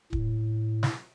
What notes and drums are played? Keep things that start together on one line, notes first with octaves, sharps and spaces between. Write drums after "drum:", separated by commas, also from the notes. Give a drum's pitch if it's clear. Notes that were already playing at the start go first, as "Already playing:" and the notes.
A2, drum: kick
drum: snare